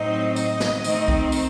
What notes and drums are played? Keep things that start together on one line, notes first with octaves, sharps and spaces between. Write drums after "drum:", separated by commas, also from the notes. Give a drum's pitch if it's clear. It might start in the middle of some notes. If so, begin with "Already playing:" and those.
Already playing: A2 F#3 C4 D#4 D#5
D#5, drum: tambourine
drum: snare
D#3 A3 C4 D#4, drum: tambourine
drum: kick C2
drum: tambourine